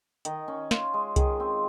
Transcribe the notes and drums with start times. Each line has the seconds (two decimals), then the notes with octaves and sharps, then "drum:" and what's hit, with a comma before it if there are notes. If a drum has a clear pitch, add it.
0.25 D#3, drum: hi-hat
0.48 C#4
0.71 F4, drum: snare
0.94 G#3
1.16 D#3 G#4, drum: kick C2, hi-hat
1.40 C4